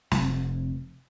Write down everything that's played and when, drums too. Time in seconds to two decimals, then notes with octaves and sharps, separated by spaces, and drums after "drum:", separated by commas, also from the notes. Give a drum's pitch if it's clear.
0.11 F1 C3, drum: snare